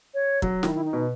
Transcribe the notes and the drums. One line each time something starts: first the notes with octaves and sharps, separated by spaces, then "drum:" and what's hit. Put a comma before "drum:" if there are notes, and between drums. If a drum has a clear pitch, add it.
C#5
F#3, drum: kick
D#3 E4, drum: snare
E4
D#4
B2